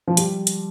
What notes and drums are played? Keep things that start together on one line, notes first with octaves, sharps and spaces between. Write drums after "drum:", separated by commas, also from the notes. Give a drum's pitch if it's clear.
F3
G3, drum: hi-hat
drum: hi-hat